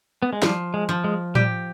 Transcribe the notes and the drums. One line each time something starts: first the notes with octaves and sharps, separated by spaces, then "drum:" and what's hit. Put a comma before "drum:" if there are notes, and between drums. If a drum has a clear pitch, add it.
B3
G#3
F3 G3, drum: snare
G#3
F3
G#3
G3 G4, drum: tom A2